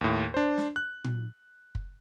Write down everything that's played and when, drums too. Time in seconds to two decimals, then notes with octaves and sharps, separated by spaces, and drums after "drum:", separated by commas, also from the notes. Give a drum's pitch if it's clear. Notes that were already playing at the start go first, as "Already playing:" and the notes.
0.01 D#2 A2
0.34 D4 C5
0.58 drum: snare
0.76 F#6
1.04 drum: tom A#2
1.75 drum: kick